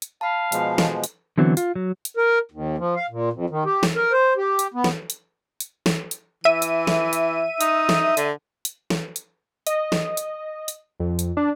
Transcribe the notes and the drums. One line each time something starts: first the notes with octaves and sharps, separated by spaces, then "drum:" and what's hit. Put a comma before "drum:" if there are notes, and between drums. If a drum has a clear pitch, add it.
drum: hi-hat
F5 A5 B5
B2 F3 G#3, drum: hi-hat
drum: snare E3
drum: hi-hat
D3 E3 F#3 B3 C4
F4, drum: hi-hat
F#3
drum: hi-hat
A#4
D#2
F3
F5
A#2
F2
D#3
G4
drum: snare E3
A#4
C5
G4
drum: hi-hat
B3
drum: snare E3
drum: hi-hat
drum: hi-hat
drum: snare E3
drum: hi-hat
E3 E5 D#7
drum: hi-hat
drum: snare E3
drum: hi-hat
D#4, drum: hi-hat
drum: snare E3
D3, drum: hi-hat
drum: hi-hat
drum: snare E3
drum: hi-hat
D#5, drum: hi-hat
drum: snare E3
drum: hi-hat
drum: hi-hat
F2
drum: hi-hat
D4